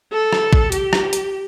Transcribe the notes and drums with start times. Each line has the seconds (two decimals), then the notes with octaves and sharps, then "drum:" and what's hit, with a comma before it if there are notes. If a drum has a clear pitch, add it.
0.12 A4
0.33 drum: rim click
0.53 drum: kick
0.72 G4, drum: hi-hat
0.93 drum: rim click
1.13 drum: hi-hat